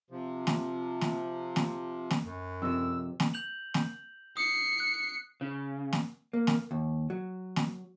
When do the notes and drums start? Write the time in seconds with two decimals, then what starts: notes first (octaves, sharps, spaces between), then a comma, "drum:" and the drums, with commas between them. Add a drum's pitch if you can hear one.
0.10 C3 F3
0.47 drum: snare
1.01 drum: snare
1.56 drum: snare
2.11 drum: snare
2.24 F#2
2.62 F2 C3 E6
3.20 drum: snare
3.34 G6 F7 F#7
3.74 drum: snare
4.37 D#6 C7 C#7
4.80 F#6
5.41 C#3
5.93 drum: snare
6.33 A#3
6.47 drum: snare
6.71 D#2
7.10 F#3
7.56 drum: snare